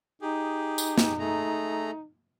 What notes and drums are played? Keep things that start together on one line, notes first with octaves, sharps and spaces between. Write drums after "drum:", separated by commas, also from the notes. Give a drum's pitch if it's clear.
D#4 G4 G#4
drum: tambourine
drum: snare
A3 G#4 A#5